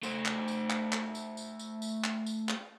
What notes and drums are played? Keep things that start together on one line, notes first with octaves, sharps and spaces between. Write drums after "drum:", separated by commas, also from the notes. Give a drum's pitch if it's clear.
A3 C5, drum: tambourine
drum: clap
drum: tambourine
drum: clap
drum: clap
drum: tambourine
drum: tambourine
drum: tambourine
drum: tambourine
drum: clap
drum: tambourine
drum: clap